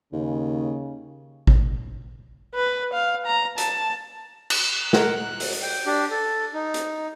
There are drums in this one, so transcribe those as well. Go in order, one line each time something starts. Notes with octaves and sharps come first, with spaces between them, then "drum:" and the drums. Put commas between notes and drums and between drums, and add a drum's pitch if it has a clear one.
D#2 C#3
drum: kick G#1
B4
F5
A#5
A5, drum: hi-hat
drum: cymbal
A#4 F#5, drum: snare
F#6
drum: open hi-hat
G5
D4 G4
A4
D#4
drum: hi-hat